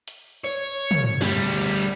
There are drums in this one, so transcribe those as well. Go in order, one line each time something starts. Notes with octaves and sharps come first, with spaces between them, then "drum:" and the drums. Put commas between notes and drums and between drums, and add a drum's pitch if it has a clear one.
drum: hi-hat
C#5
drum: tom
D2 G3, drum: snare